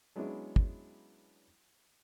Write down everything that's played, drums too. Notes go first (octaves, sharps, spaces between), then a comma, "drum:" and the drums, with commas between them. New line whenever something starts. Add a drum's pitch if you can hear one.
F#3 G#3 B3 C#4 D4 E4
drum: kick